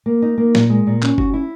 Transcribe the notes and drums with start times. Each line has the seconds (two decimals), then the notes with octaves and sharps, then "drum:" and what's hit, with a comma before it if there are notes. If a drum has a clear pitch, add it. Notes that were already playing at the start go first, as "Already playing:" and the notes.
0.06 A#3
0.22 D#4
0.38 A#3
0.55 A#2, drum: snare
0.70 G#3
0.87 A#2
1.03 C#4, drum: clap
1.18 F#4, drum: kick F#1
1.34 E4